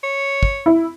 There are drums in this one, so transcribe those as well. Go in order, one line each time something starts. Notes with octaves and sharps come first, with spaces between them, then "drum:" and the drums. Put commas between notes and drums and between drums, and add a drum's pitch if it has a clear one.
C#5
drum: kick
E4